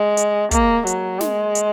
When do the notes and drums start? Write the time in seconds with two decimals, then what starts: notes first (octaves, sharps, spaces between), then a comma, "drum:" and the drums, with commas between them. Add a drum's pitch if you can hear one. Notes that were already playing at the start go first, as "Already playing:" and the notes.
Already playing: G#3
0.17 drum: hi-hat
0.51 A#3, drum: kick, hi-hat
0.87 F#3, drum: hi-hat
1.21 G#3, drum: snare
1.55 drum: hi-hat